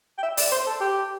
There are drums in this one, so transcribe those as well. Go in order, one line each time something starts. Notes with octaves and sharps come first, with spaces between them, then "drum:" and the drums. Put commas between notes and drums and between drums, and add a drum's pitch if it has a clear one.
G5
E5
D5, drum: open hi-hat
C5
A4
G4